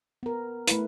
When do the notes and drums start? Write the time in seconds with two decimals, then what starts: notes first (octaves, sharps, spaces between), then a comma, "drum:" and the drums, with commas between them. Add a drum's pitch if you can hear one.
0.23 B3 A#4
0.68 A3 E4 B4, drum: hi-hat